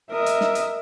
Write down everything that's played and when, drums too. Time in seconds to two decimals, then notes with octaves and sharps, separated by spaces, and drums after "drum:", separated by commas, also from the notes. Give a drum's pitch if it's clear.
0.12 A#4 D#5 E5
0.26 drum: hi-hat
0.41 drum: snare
0.55 drum: hi-hat